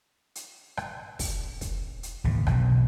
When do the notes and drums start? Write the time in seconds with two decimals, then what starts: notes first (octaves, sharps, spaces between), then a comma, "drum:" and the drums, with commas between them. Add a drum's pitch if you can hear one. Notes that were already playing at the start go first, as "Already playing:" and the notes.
0.35 drum: hi-hat
0.77 drum: rim click
1.19 drum: kick, open hi-hat
1.61 drum: kick, hi-hat
2.03 drum: hi-hat
2.24 A1 D#2 C#3
2.47 E1 B1, drum: rim click